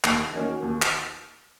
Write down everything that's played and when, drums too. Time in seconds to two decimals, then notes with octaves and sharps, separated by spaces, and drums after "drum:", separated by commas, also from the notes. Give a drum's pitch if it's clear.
0.04 D#2, drum: clap
0.33 D#3 A#3 C#4 F#4
0.63 D#2
0.82 drum: clap